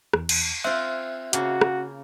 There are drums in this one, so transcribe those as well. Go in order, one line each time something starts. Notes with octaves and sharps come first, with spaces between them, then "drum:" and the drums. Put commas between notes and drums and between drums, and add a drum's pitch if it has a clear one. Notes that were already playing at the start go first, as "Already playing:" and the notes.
E2, drum: rim click
drum: cymbal
C4 F4 E5 F#6
C#3 A#3 F#4, drum: hi-hat
drum: rim click